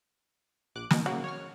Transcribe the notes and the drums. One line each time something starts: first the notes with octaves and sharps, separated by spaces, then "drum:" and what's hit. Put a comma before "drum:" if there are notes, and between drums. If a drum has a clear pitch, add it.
A#1 D6 F#6
B2 D#3, drum: snare
C#3 A#3 F#4
C#5 F6